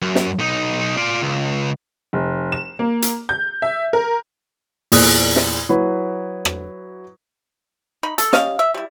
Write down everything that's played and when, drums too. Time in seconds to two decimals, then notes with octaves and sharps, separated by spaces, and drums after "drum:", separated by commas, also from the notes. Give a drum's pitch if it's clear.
0.02 F#2
0.15 drum: snare
0.39 B1 D#4
0.97 F4 D5
1.22 C#2
2.13 F1
2.52 E7
2.79 A#3
3.02 drum: hi-hat
3.29 G6
3.62 E5
3.93 A#4
4.92 E2 A#2 D#6 F#6, drum: open hi-hat
5.36 drum: snare
5.69 F#3 E4 B4
6.45 drum: rim click
8.03 D#4 B5
8.18 A4, drum: hi-hat
8.33 G3 C#4 D#5 F5, drum: snare
8.59 E5
8.74 G3 E4